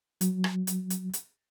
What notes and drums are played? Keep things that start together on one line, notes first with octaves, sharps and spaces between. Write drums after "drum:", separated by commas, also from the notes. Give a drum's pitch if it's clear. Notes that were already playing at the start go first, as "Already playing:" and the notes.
F#3, drum: hi-hat
drum: rim click
drum: hi-hat
drum: hi-hat
drum: hi-hat